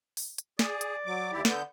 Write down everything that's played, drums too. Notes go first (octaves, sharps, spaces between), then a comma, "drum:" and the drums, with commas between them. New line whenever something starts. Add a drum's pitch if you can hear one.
drum: open hi-hat
drum: hi-hat
G#4 D5, drum: snare
drum: hi-hat
F#3 D6
D#2 E4 G4
D3 B3 G6, drum: snare